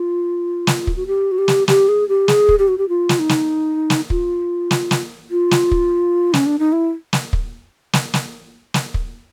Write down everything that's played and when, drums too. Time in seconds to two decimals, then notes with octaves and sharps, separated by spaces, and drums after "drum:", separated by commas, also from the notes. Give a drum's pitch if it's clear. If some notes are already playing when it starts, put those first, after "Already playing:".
Already playing: F4
0.67 drum: snare
0.87 drum: kick
0.96 F#4
1.07 G4
1.32 F#4
1.38 G4
1.48 drum: snare
1.68 G4, drum: snare
1.89 G#4
2.09 G4
2.28 G#4, drum: snare
2.49 drum: kick
2.59 G4
2.68 F#4
2.78 G4
2.89 F4
3.09 drum: snare
3.19 D#4
3.29 drum: snare
3.90 drum: snare
4.10 F4, drum: kick
4.71 drum: snare
4.91 drum: snare
5.31 F4
5.51 drum: snare
5.71 drum: kick
6.34 C#4, drum: snare
6.46 D4
6.59 D#4
6.72 E4
7.13 drum: snare
7.33 drum: kick
7.93 drum: snare
8.14 drum: snare
8.74 drum: snare
8.94 drum: kick